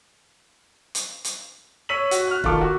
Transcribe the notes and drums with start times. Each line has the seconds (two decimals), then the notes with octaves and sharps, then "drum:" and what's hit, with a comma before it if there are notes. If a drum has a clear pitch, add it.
0.95 drum: hi-hat
1.25 drum: hi-hat
1.89 C#5 E6 B6 D#7 F#7
2.11 F#4, drum: hi-hat
2.28 F6 F#6
2.44 D#3 F4 A4 D6, drum: kick
2.61 F#4